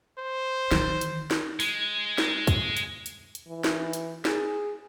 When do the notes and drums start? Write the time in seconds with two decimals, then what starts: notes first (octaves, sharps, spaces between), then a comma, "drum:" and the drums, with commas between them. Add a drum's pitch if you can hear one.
0.19 C5
0.71 D#3 E3, drum: snare
1.01 drum: hi-hat
1.31 drum: snare
1.60 G#3, drum: open hi-hat
2.18 drum: snare
2.47 drum: kick, hi-hat
2.77 drum: hi-hat
3.06 drum: hi-hat
3.35 drum: hi-hat
3.48 E3
3.64 drum: snare
3.93 drum: hi-hat
4.25 G#4, drum: snare